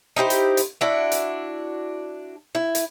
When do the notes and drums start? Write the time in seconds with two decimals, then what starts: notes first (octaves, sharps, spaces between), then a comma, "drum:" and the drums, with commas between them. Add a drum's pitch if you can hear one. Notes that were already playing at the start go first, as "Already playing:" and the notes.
0.16 D#4 E4 G4 C5
0.30 drum: hi-hat
0.57 drum: hi-hat
0.81 D4 E4 F#4
1.12 drum: hi-hat
2.55 E4
2.75 drum: hi-hat